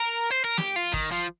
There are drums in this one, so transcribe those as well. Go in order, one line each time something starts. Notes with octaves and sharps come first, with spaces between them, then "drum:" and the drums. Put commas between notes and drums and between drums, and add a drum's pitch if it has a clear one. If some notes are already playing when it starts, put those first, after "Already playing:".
Already playing: A#4
C5
A#4
G4, drum: snare
F4
D#3, drum: kick
F3